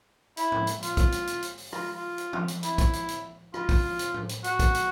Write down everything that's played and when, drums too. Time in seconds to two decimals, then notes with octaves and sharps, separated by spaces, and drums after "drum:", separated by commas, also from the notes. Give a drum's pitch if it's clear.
0.37 E4, drum: hi-hat
0.52 drum: tom G#2
0.67 drum: hi-hat
0.83 F4, drum: hi-hat
0.97 drum: kick, hi-hat
1.12 drum: hi-hat
1.27 drum: hi-hat
1.42 drum: hi-hat
1.58 drum: open hi-hat
1.73 F4, drum: rim click
1.96 F4
2.18 drum: hi-hat
2.33 drum: tom
2.48 drum: hi-hat
2.63 E4, drum: hi-hat
2.78 drum: kick, hi-hat
2.93 drum: hi-hat
3.09 drum: hi-hat
3.54 F4, drum: rim click
3.69 drum: kick, open hi-hat
3.99 drum: hi-hat
4.14 drum: tom A2
4.29 drum: hi-hat
4.44 F#4, drum: hi-hat
4.59 drum: kick, hi-hat
4.75 drum: hi-hat